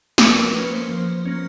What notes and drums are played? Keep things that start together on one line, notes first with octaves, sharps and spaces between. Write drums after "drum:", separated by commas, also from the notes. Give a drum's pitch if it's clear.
F3 B4, drum: snare
A#4
A#3 C#4 B4
C5
F3
A#3 C#4